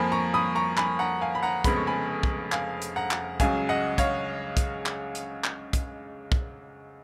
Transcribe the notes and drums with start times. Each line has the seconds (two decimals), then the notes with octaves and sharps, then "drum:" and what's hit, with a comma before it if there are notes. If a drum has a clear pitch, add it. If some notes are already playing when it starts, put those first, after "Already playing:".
Already playing: F2 F3 A#3 G#5 B5
0.12 A#5 C#6
0.34 B5 D#6
0.55 A#5 C#6
0.77 G#5 B5, drum: clap
0.99 F#5 A#5
1.21 F5 G#5
1.35 B5
1.43 F#5 A#5
1.64 F1 F2 C#3 G#3 B3 B5, drum: kick, hi-hat
1.76 C#6
1.87 G#5 B5
2.23 drum: kick
2.52 F5 G#5, drum: clap
2.82 drum: hi-hat
2.96 F#5 A#5
3.11 drum: clap
3.40 C#2 C#3 F#3 F5 G#5, drum: kick, hi-hat
3.69 D#5 F#5
3.98 C#5 F5, drum: kick, hi-hat
4.57 drum: kick, hi-hat
4.86 drum: clap
5.15 drum: hi-hat
5.44 drum: clap
5.73 drum: kick, hi-hat
6.32 drum: kick